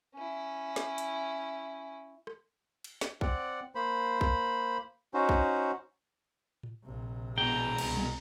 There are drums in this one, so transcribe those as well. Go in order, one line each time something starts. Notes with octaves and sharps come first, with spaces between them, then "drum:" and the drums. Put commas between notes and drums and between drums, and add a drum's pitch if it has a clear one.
C#4 E4
drum: snare
drum: hi-hat
drum: rim click
drum: cymbal
drum: snare
C4 D5 F#5, drum: kick A#1
A#3 C5 B5
drum: kick A#1
C#4 D#4 F#4 C5
drum: kick A#1
drum: tom A2
A#1 C3
B2 G#3 G5 A#5
C2, drum: cymbal
drum: tom F#3